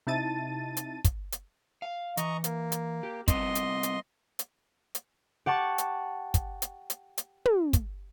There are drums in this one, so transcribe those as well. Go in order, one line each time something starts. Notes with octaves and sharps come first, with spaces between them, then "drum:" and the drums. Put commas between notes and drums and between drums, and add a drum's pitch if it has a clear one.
C3 D#4 E4 A5 A6 D#7
drum: hi-hat
drum: kick, hi-hat
drum: hi-hat
F5
E3 D#5 A#5 C#6, drum: hi-hat
A#3, drum: hi-hat
drum: hi-hat
G4
G3 B3 C4 D#5 C6, drum: kick, hi-hat
drum: hi-hat
drum: hi-hat
drum: hi-hat
drum: hi-hat
G4 F#5 A5 C#6
drum: hi-hat
drum: kick, hi-hat
drum: hi-hat
drum: hi-hat
drum: hi-hat
drum: tom
drum: kick, hi-hat